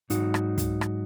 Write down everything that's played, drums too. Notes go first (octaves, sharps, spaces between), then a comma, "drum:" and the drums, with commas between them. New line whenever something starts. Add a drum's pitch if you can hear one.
G#2 F#3 D#4 F#4, drum: hi-hat
drum: rim click
drum: kick, hi-hat
drum: rim click